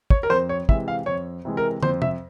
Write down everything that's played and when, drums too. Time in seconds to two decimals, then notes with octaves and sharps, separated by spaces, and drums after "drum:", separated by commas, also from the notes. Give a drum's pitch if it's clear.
0.10 C#5, drum: kick
0.23 A#4
0.30 F2 C5
0.49 C#5
0.69 C3 E3 G#3 E5, drum: kick
0.88 F5
1.06 F2 C#5
1.45 C3 E3 G#3
1.57 A#4
1.83 F2 C5, drum: tom
2.02 E5, drum: tom C3